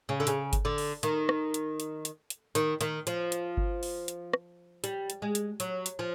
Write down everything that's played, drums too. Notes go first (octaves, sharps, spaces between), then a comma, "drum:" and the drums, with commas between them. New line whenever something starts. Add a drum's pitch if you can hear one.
C#3
D3
C#3, drum: hi-hat
drum: kick G1, hi-hat
D3
drum: open hi-hat
D#3, drum: hi-hat
drum: rim click
drum: hi-hat
drum: hi-hat
drum: hi-hat
drum: hi-hat
D#3, drum: hi-hat
D#3, drum: hi-hat
F3, drum: hi-hat
drum: hi-hat
drum: kick G1
drum: open hi-hat
drum: hi-hat
drum: rim click
G3, drum: hi-hat
drum: hi-hat
G#3
drum: hi-hat
F#3, drum: hi-hat
drum: hi-hat
F3